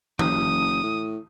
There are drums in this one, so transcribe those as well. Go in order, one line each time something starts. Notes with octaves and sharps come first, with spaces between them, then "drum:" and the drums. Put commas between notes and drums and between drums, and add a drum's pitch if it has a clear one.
F#1 D#6, drum: tom E3
A2